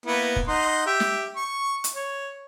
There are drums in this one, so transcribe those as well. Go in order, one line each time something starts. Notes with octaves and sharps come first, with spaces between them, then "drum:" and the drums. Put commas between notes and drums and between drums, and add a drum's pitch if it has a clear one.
A#3 B3 E4
drum: kick
D#4 F#5 C6
G4 E5
drum: snare
C#6
drum: hi-hat
C#5